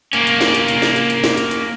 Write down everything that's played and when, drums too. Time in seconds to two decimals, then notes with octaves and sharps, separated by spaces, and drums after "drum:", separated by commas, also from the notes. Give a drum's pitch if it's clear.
0.13 A#3 C#4, drum: hi-hat
0.27 drum: hi-hat
0.41 drum: snare
0.55 drum: hi-hat
0.68 drum: hi-hat
0.82 drum: snare
0.96 drum: hi-hat
1.10 drum: hi-hat
1.24 drum: snare
1.37 drum: hi-hat
1.51 drum: hi-hat